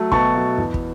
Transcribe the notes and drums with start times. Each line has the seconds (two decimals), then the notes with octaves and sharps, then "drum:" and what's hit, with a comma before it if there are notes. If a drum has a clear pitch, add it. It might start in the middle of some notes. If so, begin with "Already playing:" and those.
Already playing: F#3 A3
0.12 B2 A5 C#6, drum: kick
0.35 F#3 A3
0.58 E2
0.74 drum: kick